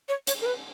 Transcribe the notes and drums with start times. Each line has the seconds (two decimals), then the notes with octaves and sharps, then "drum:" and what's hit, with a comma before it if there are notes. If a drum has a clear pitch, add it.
0.09 C#5
0.27 C#5, drum: hi-hat
0.41 A#4
0.46 B4